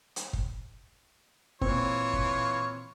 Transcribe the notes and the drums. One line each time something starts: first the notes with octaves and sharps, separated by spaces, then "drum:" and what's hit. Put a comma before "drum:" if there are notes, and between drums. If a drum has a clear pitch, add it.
drum: hi-hat
drum: kick
A#2 E3 C4 F4 C#5, drum: kick
drum: kick